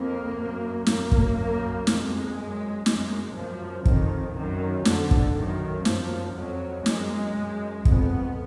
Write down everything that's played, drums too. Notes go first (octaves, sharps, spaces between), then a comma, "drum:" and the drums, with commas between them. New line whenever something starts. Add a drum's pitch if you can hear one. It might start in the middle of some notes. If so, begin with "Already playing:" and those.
Already playing: F2 A#3
F#2
F#2 A#3, drum: snare
drum: kick
F#2
F2 G#3, drum: snare
F#2
F#2 G#3, drum: snare
F#2 F3
F2 D#3, drum: kick
F#2 D#3
F2 D3, drum: snare
drum: kick
F#2 D#3
F#2 F3, drum: snare
F2 F#3
F#2 G#3, drum: snare
F#2
F2 B3, drum: kick